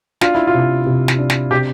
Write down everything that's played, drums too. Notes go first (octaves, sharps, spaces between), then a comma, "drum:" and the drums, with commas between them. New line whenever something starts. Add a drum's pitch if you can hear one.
D4 F4, drum: snare
E4
F4
C3
C3
drum: snare
D4
drum: snare
C3 G4